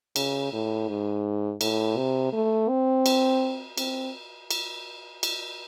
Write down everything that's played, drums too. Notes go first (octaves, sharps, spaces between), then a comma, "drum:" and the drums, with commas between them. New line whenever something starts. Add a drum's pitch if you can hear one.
C#3, drum: cymbal
A2
G#2
A2, drum: cymbal
C3
A3
C4
drum: cymbal
C4, drum: cymbal
drum: cymbal
drum: cymbal